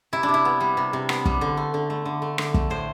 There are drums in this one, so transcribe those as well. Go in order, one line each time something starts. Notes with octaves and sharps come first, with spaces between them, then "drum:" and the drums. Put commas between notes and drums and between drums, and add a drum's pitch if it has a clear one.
C3 E4
D4
C3
E4
B3
G3
C3
C3
B3, drum: rim click
G3, drum: kick
D3
A3
D3
A3
D3
A3
D3, drum: rim click
A3, drum: kick
A2 C5